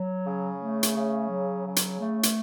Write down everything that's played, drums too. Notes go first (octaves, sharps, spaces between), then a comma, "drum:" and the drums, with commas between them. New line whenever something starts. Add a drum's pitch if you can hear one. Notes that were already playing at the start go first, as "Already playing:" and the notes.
Already playing: F#3
C#3
A3
drum: hi-hat
C#3
F#3
C#3
drum: hi-hat
A3
drum: hi-hat